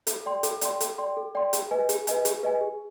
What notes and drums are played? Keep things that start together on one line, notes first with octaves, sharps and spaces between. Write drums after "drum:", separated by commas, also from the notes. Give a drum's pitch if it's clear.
A4, drum: hi-hat
D5 G5 C6
A4, drum: hi-hat
D5 G5 C6, drum: hi-hat
A4, drum: hi-hat
D5 G5 C6
A4
D5 G5 C6
G#4, drum: hi-hat
B4 D#5 G#5
G#4, drum: hi-hat
B4 D#5 G#5, drum: hi-hat
G#4, drum: hi-hat
B4 D#5 G#5
G#4